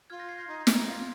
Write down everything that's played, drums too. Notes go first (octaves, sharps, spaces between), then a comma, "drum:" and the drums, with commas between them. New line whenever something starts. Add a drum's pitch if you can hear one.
F4 F6 G#6
G6 A#6
G#6 C7
G6 A#6
D#4
D#4, drum: snare
F4